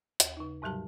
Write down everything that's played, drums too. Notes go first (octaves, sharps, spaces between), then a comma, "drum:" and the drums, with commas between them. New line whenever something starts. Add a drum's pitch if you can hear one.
D#2, drum: hi-hat
C#3 D#4
G#2 C3 F#3 G3 G4 A5